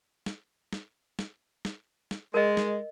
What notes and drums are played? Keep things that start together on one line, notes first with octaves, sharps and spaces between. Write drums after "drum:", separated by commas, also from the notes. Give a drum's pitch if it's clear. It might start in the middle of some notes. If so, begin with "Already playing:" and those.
drum: snare
drum: snare
drum: snare
drum: snare
drum: snare
G#3 A#4 D#5
drum: snare